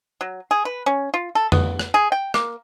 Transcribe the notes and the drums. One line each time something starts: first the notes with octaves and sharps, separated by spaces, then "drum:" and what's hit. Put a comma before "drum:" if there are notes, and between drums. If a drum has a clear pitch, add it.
F#3
G#4
B4
C#4
F4
A4
B3, drum: tom F2
drum: rim click
G#4
G5
A#3, drum: rim click